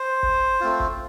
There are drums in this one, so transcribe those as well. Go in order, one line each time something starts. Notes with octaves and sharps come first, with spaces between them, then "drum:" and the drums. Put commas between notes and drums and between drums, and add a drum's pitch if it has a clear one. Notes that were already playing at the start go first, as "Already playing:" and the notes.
Already playing: C5
drum: kick G1
A3 C4 F4
drum: kick G1